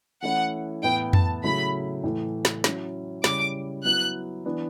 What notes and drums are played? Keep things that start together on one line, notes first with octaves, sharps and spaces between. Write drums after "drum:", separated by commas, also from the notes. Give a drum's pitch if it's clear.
E3 A3 C#4 E4 F#5
A2 E3 B3 E4 G5
A5, drum: tom F2
C#3 F#3 A3 E4 B5
A2 E3 A3
drum: snare
F#3 C#4 E4, drum: snare
C#3 G3 C#4 E4 D6, drum: snare
F#3 B3 E4 F#6
E3 B3 D4